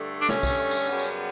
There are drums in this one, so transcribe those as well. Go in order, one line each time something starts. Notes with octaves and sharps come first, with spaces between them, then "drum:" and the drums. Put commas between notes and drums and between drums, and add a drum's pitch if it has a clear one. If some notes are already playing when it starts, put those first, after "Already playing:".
Already playing: G2 D3 A3
D4
C#4, drum: snare
drum: kick B1, tambourine
drum: tambourine
F#2 C#3 G3 B3
drum: tambourine